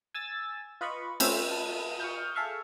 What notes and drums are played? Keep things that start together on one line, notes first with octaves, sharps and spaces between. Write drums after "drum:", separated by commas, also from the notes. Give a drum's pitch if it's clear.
G#5 E6 A6
F4 B4 D#5 B5 C#6
A3 C4 C#4 C5 E5, drum: cymbal
A4
C#6 D#6 F6 G6
G#4 A4 E5 F5 C#6